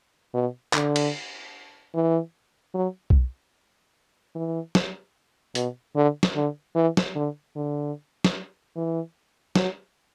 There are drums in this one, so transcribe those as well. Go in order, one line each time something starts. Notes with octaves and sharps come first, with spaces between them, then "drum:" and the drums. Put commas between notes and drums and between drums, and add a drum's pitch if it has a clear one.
B2
D3, drum: clap
drum: cymbal
E3
F#3
drum: kick B1
E3
drum: snare
B2, drum: hi-hat
D3
drum: snare
D3
E3
drum: snare
D3
D3
drum: snare
E3
F#3, drum: snare